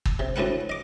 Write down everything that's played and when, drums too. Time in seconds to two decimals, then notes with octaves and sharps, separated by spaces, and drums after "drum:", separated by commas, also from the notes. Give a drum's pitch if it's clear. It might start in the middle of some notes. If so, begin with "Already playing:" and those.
0.05 drum: kick
0.19 C3
0.36 D2 A2 C4 B4 F#5
0.70 D#5 D6